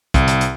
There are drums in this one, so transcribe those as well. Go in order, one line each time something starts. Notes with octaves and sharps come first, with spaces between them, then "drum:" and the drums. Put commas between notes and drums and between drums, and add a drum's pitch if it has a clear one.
C2, drum: kick, hi-hat
drum: hi-hat
drum: hi-hat